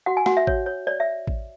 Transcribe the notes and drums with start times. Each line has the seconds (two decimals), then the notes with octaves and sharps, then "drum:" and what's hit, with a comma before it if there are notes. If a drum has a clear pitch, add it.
0.06 F#4 F#5
0.17 G#5
0.26 F#4 F#5, drum: snare
0.37 E5
0.47 C#5, drum: kick A1
0.66 C#5
0.87 C#5 D5
1.00 E5
1.27 drum: kick A1